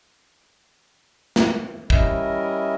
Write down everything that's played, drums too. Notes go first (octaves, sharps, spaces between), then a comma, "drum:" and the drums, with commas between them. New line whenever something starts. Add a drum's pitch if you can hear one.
drum: snare
G3 C#4 E4 A#4 D#5 E5, drum: kick